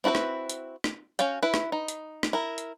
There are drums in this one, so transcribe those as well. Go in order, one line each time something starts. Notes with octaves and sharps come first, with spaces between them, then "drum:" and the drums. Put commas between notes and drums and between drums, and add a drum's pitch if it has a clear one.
C4 E4 F#4 A#4 B4
drum: rim click
drum: hi-hat
drum: rim click
C#4 F#4 F5 G5, drum: hi-hat
E4 B4
drum: rim click
D#4
drum: hi-hat
drum: rim click
E4 A#4
drum: hi-hat